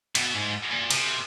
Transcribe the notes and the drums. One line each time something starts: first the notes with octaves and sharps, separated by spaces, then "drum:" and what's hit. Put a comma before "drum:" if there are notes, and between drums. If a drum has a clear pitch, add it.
B2, drum: cymbal
G#2
A#2
C3, drum: cymbal